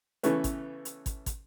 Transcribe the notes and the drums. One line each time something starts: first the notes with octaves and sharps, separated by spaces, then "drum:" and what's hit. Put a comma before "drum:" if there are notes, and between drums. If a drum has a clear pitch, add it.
C#3 E3 A3 B3 C#4 B4, drum: hi-hat
drum: kick, hi-hat
drum: hi-hat
drum: kick, hi-hat
drum: kick, hi-hat